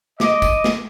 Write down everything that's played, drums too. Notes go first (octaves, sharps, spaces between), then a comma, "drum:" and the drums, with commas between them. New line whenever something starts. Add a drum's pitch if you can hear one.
D#5 D6, drum: snare
drum: kick, tambourine
drum: snare